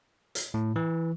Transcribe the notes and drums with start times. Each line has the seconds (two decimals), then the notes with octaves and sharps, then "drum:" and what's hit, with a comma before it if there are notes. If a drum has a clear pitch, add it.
0.35 drum: hi-hat
0.54 A2
0.76 E3